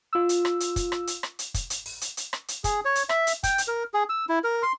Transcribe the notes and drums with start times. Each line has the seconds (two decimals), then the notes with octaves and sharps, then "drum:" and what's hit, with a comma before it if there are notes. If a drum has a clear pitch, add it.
0.13 F4 E6
0.29 drum: hi-hat
0.45 drum: rim click
0.60 drum: hi-hat
0.76 drum: kick, hi-hat
0.92 drum: rim click
1.07 drum: hi-hat
1.23 drum: rim click
1.39 drum: hi-hat
1.54 drum: kick, hi-hat
1.70 drum: hi-hat
1.86 drum: open hi-hat
2.01 drum: hi-hat
2.17 drum: hi-hat
2.33 drum: rim click
2.48 drum: hi-hat
2.64 G#4, drum: kick, hi-hat
2.85 C#5
2.95 drum: hi-hat
3.09 E5, drum: rim click
3.27 drum: hi-hat
3.43 G5, drum: kick, hi-hat
3.58 drum: hi-hat
3.68 A#4
3.94 G#4
4.09 E6
4.29 E4
4.44 A#4
4.63 C6